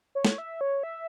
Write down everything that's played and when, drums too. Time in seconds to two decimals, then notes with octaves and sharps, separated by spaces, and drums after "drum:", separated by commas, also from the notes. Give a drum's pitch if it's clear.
0.15 C#5
0.25 drum: snare
0.38 E5
0.61 C#5
0.83 E5